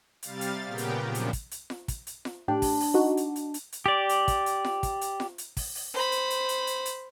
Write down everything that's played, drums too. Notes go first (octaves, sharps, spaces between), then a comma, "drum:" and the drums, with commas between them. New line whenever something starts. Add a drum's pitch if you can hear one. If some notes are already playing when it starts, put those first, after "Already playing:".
C3 G3 F5 A6, drum: hi-hat
drum: hi-hat
A#2 C#3 B3 G4 A#4 G5
drum: hi-hat
F#2 A#2 F3 D4
drum: hi-hat
drum: kick, hi-hat
drum: hi-hat
drum: snare F4
drum: kick, hi-hat
drum: hi-hat
drum: snare F4
A2 D4 G4
drum: kick, open hi-hat
drum: open hi-hat
D#4 F#4
drum: hi-hat
drum: hi-hat
drum: hi-hat
drum: hi-hat
G4 D5
drum: hi-hat
drum: kick, hi-hat
drum: hi-hat
drum: snare F4
drum: kick, hi-hat
drum: hi-hat
drum: snare F4
drum: hi-hat
drum: kick, open hi-hat
drum: open hi-hat
C5 B5
drum: hi-hat
drum: hi-hat
drum: hi-hat
drum: hi-hat
drum: hi-hat